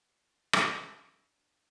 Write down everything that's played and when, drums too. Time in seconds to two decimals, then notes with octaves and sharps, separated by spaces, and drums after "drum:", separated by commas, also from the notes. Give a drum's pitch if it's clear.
0.19 F#4 A5
0.53 drum: rim click
0.82 D#5 A#5
1.19 D4